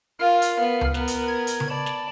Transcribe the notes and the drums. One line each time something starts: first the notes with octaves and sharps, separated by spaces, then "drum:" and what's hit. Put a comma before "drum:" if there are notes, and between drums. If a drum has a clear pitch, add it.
F4 A#4 F5 F6
drum: hi-hat
B3
drum: tom C#2
B3 A#4 B4, drum: snare
drum: hi-hat
G#6
drum: hi-hat
drum: tom C#3
D5 A5 B5
drum: snare